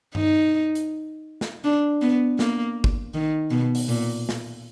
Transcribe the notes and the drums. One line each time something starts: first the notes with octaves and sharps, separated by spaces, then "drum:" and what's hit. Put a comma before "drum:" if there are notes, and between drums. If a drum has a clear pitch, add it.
D#4, drum: tom G2
drum: hi-hat
drum: snare
D4
B3
A#3, drum: snare
drum: kick G1
D#3
B2
drum: open hi-hat
A#2
drum: snare